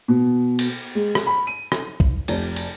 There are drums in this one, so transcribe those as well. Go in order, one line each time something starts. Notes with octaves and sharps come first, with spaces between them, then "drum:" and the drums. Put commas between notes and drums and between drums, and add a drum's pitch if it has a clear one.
B2
drum: cymbal
G#3
drum: rim click
B5
D#7
drum: rim click
drum: kick
F1, drum: cymbal
drum: cymbal